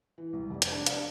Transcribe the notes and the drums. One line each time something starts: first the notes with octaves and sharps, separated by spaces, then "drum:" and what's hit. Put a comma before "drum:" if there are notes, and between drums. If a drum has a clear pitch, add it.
E3
C2
F1
drum: hi-hat
D4
F5, drum: hi-hat